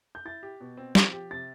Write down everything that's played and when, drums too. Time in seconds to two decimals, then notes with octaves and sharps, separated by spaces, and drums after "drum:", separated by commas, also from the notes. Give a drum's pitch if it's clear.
0.15 G6
0.25 E4 A6
0.43 G4
0.61 B2
0.77 C4
0.95 F3, drum: snare
1.13 G4
1.31 C3 A6